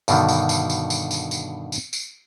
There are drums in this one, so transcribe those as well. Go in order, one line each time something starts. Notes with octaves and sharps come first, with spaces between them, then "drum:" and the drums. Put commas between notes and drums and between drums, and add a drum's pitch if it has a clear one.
G2 B2 D3 D#3, drum: tambourine
drum: tambourine
drum: tambourine
drum: tambourine
drum: tambourine
drum: tambourine
drum: tambourine
drum: tambourine
drum: tambourine